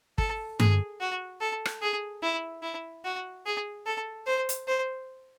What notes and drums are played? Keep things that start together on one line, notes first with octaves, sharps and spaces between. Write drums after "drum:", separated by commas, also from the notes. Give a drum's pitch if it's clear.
A4, drum: kick
G#4, drum: tom G2
F#4
A4
drum: rim click
G#4
E4
E4
F#4
G#4
A4
C5
drum: hi-hat
C5